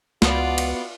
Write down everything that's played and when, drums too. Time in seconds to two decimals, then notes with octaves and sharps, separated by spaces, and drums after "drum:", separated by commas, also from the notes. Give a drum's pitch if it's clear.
0.22 C#2 B3 F4 F#4 D5, drum: snare
0.58 drum: cymbal